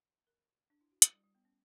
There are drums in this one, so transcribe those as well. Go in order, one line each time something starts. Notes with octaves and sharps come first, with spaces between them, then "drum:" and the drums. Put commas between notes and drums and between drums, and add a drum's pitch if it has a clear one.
A#4
D4
E4
F#4
E4, drum: hi-hat
G3
G3
B3
C#4